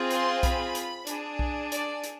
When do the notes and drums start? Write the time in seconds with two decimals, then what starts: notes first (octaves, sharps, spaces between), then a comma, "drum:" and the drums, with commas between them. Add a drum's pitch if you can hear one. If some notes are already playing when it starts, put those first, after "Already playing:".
Already playing: C4 F4 G#4
0.11 C6, drum: hi-hat
0.43 B5, drum: kick B1, hi-hat
0.75 drum: hi-hat
1.07 D4 G#4, drum: hi-hat
1.39 drum: kick B1
1.72 D5, drum: hi-hat
2.04 drum: hi-hat